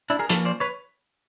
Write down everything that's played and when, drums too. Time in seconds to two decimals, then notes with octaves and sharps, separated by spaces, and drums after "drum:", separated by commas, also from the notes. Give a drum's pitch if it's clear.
0.10 D4 E4
0.19 G#4 A#4
0.29 F3 A#3 C#4 A4 B4, drum: hi-hat
0.45 C5 D5
0.60 B4 C#5